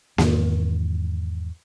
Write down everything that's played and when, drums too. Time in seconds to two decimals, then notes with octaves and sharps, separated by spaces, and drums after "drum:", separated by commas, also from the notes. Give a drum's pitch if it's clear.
0.18 E2 G#2 D#3, drum: snare A#3